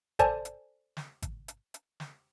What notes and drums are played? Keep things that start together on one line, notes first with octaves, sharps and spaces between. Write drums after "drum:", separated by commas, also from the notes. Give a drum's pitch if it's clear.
A4 C5 D5 G#5 A5, drum: kick G#1, hi-hat
drum: hi-hat
drum: snare
drum: kick G#1, hi-hat
drum: hi-hat
drum: hi-hat
drum: snare